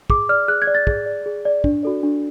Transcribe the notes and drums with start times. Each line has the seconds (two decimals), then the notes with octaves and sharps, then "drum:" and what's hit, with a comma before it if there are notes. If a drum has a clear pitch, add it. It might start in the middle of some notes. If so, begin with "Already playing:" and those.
0.10 G#4 D6, drum: kick
0.29 D5 F6
0.48 G#4 F#6
0.62 G#6
0.67 D5
0.75 A6
0.87 G#4, drum: kick
1.06 D5
1.26 G#4
1.45 D5
1.64 D4, drum: kick
1.83 F#4 A4 D5
2.03 D4